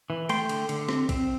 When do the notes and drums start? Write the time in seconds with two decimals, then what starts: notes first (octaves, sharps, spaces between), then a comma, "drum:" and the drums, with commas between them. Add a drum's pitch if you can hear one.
0.10 E3
0.29 A3 G5 C6, drum: cymbal
0.49 D3, drum: cymbal
0.69 D3, drum: cymbal
0.89 C4, drum: rim click
1.09 C4, drum: kick, cymbal